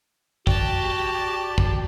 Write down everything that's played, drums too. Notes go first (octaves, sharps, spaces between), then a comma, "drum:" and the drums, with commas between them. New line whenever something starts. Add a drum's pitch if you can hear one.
F#4 G4 D5 A5, drum: kick
drum: kick